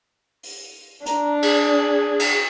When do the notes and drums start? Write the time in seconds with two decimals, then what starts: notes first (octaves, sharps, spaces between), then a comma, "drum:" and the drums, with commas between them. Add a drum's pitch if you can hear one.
0.43 drum: open hi-hat
1.06 D4 A#5, drum: hi-hat
1.42 G#4, drum: cymbal
2.19 drum: cymbal